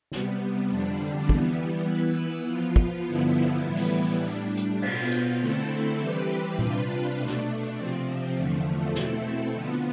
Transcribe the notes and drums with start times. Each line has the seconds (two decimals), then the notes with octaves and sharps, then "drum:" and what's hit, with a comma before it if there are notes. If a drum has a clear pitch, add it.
0.12 C3 G3 B3, drum: snare
0.70 F2 D3 G3 D4
1.29 E3 G3 B3, drum: kick
1.88 E3 B3 E4 B4
2.46 F3 B3 F4
2.76 drum: kick
3.06 G2 D3 F3 B3 E4
3.65 A2 E3 G3 B3 E4
3.77 drum: open hi-hat
4.23 A2 G3 D4
4.57 drum: hi-hat
4.82 B2 B3 F4, drum: cymbal
5.11 drum: hi-hat
5.41 D3 A3 C4 E4 A4
6.00 E3 G3 C4 G4 B4
6.59 C3 G3 D4 F4 B4, drum: tom A#2
7.17 B2 A3 D4
7.26 drum: snare
7.76 C3 F3 C4
8.35 E2 D3 F3 A3
8.94 B2 A3 C4 E4 A4, drum: snare
9.53 D3 F3 B3